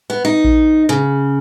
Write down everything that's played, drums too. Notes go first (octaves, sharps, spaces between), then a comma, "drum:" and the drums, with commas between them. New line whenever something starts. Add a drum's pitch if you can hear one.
B3
D#4
drum: kick A#1
C#3